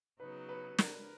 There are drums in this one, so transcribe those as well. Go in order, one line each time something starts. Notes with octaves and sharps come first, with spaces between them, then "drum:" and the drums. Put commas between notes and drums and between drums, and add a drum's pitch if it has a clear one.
C#3 F#3 B3 D#4 B4
B4
A#4, drum: snare